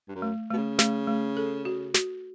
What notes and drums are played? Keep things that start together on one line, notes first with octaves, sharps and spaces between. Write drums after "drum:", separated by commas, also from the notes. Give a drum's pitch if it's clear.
G2
F#2
A3
B2 A3
C#3
A3, drum: snare
A3
A4
F#4
F#4, drum: snare